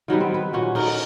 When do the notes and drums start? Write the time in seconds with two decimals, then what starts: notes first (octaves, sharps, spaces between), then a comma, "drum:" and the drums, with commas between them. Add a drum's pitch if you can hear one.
0.08 D#3 F#3 G3 B3
0.20 C4
0.34 B4
0.53 A#2 C#4 F#4
0.75 D#4 A#4, drum: cymbal